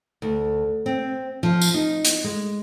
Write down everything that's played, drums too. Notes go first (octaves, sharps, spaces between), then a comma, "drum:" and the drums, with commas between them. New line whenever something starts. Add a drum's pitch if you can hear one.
D2
C4
F3
drum: tambourine
D#4
drum: hi-hat
G#3